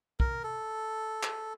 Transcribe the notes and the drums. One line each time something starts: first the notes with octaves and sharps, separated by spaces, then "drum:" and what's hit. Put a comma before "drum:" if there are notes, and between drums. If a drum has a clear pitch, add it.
A#4, drum: kick
A4
drum: clap